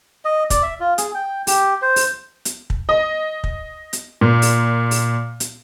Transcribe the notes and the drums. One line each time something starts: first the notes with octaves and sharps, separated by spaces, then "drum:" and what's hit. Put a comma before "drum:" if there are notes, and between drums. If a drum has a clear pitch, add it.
D#5
D5, drum: kick, hi-hat
E5
F4
G#4, drum: hi-hat
G5
G4, drum: open hi-hat
C5
drum: open hi-hat
drum: hi-hat
drum: kick
D#5
drum: kick
drum: hi-hat
A#2
drum: open hi-hat
drum: open hi-hat
drum: hi-hat